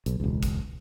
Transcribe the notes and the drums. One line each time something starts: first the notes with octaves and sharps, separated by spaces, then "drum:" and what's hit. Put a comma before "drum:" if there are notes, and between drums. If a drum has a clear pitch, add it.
B1, drum: hi-hat
E1 C#2
drum: kick, hi-hat